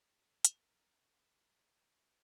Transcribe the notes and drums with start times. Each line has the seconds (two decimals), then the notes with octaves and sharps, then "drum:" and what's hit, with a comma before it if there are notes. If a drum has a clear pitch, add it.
0.10 A4
0.45 drum: hi-hat
0.56 A#4
1.01 A4
1.45 A#4
1.91 F#4